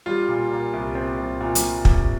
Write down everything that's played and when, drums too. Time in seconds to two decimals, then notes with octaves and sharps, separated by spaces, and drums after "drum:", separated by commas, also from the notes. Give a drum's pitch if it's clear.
0.06 G3 F4
0.28 A#2
0.52 A#2
0.73 C2
0.95 C4
1.18 C2
1.40 A#2
1.55 drum: hi-hat
1.85 drum: kick